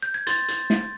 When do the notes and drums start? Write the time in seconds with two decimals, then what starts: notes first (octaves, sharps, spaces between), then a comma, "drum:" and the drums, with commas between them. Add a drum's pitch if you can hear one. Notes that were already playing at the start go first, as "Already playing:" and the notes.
0.03 G6
0.14 G#6
0.27 C6 A6, drum: hi-hat
0.48 drum: hi-hat
0.70 drum: snare